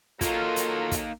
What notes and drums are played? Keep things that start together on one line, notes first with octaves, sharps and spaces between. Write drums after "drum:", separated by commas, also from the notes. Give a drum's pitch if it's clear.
F#3 A#3 D#4 F4 A4 A#4, drum: kick, hi-hat
drum: hi-hat
drum: kick, hi-hat